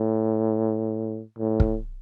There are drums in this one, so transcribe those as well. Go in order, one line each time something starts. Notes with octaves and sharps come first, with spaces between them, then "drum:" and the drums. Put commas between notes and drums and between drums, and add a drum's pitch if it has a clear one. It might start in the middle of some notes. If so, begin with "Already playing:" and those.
Already playing: A2
A2
drum: kick